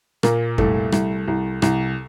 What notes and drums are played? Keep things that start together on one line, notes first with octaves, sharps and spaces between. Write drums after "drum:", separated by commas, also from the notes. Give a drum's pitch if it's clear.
A#2 A#3, drum: rim click
C2 A3, drum: kick F2
C2, drum: rim click
C2
C2, drum: rim click